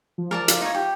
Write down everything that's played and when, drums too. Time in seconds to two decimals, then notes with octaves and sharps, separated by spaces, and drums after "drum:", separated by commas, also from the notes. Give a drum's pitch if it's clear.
0.18 F3
0.31 A#4 D5 A5
0.48 F4, drum: hi-hat
0.61 D#4 C#5
0.74 G4